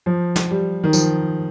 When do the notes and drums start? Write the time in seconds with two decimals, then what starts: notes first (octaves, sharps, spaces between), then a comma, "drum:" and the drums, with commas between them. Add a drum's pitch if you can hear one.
0.06 F3
0.36 drum: snare
0.51 G3
0.84 D#3
0.93 F3, drum: tambourine